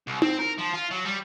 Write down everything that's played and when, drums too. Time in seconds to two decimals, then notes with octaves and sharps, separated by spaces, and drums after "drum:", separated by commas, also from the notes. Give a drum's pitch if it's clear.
0.07 C2
0.22 C4, drum: tom D#4
0.39 A#4
0.58 F3
0.73 F4
0.91 F#3
1.05 G3